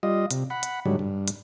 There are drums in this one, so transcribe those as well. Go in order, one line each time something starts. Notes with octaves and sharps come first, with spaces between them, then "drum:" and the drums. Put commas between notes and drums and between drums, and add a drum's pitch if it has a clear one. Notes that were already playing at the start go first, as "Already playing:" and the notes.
G3 F4 D#5
C3, drum: hi-hat
F#5 B5
drum: hi-hat
G#2 D3 F#3 G3
G2
drum: hi-hat